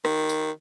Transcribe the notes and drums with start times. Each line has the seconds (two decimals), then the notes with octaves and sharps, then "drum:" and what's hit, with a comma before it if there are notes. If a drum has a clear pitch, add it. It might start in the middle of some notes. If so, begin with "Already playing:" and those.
0.05 D#3, drum: rim click
0.29 drum: tambourine